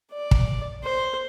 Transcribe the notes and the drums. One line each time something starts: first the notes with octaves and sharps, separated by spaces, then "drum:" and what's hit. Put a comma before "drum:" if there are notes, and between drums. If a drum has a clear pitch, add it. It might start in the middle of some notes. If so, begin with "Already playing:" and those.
D5
drum: kick
C5